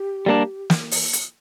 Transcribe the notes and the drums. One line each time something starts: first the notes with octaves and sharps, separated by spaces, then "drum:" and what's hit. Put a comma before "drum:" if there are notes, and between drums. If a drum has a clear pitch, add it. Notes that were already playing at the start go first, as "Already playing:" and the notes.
Already playing: G4
G3 A#3 D4
drum: snare
drum: open hi-hat
drum: hi-hat